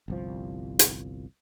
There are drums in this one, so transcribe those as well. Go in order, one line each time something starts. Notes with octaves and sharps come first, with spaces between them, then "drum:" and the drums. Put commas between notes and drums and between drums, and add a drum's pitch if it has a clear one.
G1 C2 F3
drum: hi-hat